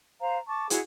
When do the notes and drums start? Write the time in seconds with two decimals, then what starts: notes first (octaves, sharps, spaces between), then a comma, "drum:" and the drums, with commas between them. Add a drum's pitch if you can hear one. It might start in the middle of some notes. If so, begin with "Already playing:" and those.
0.20 C5 F5 A#5
0.48 A5 C#6 D6
0.70 E4 F#4 G#4 F#5, drum: hi-hat